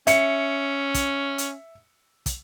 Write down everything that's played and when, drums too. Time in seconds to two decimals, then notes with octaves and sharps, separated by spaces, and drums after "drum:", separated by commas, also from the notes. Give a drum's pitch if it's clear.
0.07 C#4 E5 C#7, drum: hi-hat
0.94 drum: kick, hi-hat
1.38 drum: hi-hat
2.26 drum: kick, hi-hat